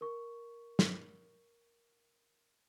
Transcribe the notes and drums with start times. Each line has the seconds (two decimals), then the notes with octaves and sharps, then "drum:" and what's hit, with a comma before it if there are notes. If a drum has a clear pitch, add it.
0.01 A#4 C#6
0.79 drum: snare